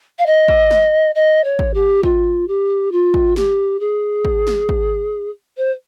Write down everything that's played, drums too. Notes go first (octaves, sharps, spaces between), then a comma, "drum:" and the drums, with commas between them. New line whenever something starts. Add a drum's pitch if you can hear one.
F5
D#5
drum: kick
drum: snare
D#5
C#5
drum: kick
G4
F4, drum: kick
G4
F4
drum: kick
G4, drum: snare
G#4
drum: kick
drum: snare
drum: kick
C5